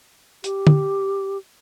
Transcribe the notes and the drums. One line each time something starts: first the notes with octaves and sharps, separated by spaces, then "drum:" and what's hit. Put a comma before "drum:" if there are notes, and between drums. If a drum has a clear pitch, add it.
G4, drum: hi-hat
drum: tom D3